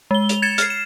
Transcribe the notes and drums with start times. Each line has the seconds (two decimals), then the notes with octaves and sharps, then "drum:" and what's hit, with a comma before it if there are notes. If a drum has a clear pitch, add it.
0.11 G#3 G7
0.29 F7, drum: hi-hat
0.42 G#6 A6 C#7 E7
0.58 F6 C7, drum: hi-hat
0.70 E7